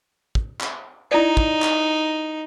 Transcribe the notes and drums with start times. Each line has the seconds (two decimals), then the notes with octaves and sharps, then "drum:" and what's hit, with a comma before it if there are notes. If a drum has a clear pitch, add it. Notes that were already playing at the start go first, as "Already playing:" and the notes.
0.35 drum: kick
0.61 drum: clap
1.12 D#4 E4 D5
1.37 drum: kick
1.62 drum: clap